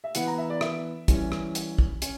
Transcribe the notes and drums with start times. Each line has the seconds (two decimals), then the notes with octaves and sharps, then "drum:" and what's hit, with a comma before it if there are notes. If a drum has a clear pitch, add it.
0.04 E5
0.15 E3 B3 F#5, drum: hi-hat
0.27 A#5
0.38 E5
0.50 D5
0.61 E5, drum: rim click
1.08 E3 G3 C#4, drum: kick, hi-hat
1.32 drum: rim click
1.55 drum: hi-hat
1.79 drum: kick
2.02 C#4, drum: hi-hat